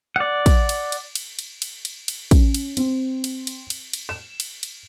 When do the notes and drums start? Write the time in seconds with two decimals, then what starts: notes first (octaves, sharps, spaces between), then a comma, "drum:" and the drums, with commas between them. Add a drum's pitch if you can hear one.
0.16 D5 F#5
0.46 drum: kick, cymbal
0.69 drum: cymbal
0.92 drum: cymbal
1.15 drum: cymbal
1.39 drum: cymbal
1.62 drum: cymbal
1.85 drum: cymbal
2.08 drum: cymbal
2.31 C#4, drum: kick, cymbal
2.54 drum: cymbal
2.77 C4, drum: cymbal
3.24 drum: cymbal
3.47 drum: cymbal
3.70 drum: cymbal
3.93 drum: cymbal
4.09 E7
4.40 drum: cymbal
4.63 drum: cymbal